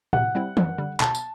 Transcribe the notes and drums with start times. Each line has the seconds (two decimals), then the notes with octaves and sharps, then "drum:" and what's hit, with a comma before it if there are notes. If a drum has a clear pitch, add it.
0.13 C3 F#5, drum: tom A2
0.35 G3 C4 E4
0.57 F#2, drum: tom D#3
0.78 D3 G3
1.00 B2 A5, drum: clap
1.15 drum: tambourine